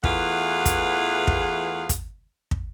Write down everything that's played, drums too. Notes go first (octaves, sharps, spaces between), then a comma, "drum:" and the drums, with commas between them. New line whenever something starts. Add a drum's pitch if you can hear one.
E2 E3 A3 F4 G#4 F#5, drum: kick
drum: kick, hi-hat
drum: kick
drum: kick, hi-hat
drum: kick